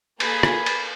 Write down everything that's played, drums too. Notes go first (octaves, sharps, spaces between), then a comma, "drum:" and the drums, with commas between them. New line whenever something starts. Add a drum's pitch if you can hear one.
A#3 G#4 A4 G#5 B5, drum: cymbal
drum: rim click
drum: cymbal